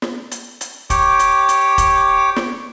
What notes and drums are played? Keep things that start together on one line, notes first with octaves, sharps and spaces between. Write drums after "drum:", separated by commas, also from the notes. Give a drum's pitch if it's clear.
drum: snare
drum: hi-hat
drum: hi-hat
G4 C#5 D6, drum: kick, hi-hat
drum: hi-hat
drum: hi-hat
drum: kick, hi-hat
drum: snare